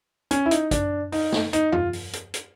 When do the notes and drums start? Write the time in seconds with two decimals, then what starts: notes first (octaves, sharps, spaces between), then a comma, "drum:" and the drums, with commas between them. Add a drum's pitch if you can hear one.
0.31 C#4, drum: hi-hat
0.46 E4
0.51 D#4, drum: hi-hat
0.71 D4, drum: kick, hi-hat
1.12 D#4, drum: open hi-hat
1.32 drum: snare
1.53 D#4, drum: hi-hat
1.72 F4, drum: tom E2
1.93 drum: open hi-hat
2.13 drum: hi-hat
2.34 drum: hi-hat